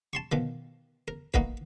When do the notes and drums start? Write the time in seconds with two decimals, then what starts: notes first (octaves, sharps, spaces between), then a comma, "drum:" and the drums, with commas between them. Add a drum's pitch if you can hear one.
0.13 A5 C6 C#6
0.32 B2 D#3 F3
1.08 A#4
1.34 A#3 D#4 F#4 A#4 B4, drum: kick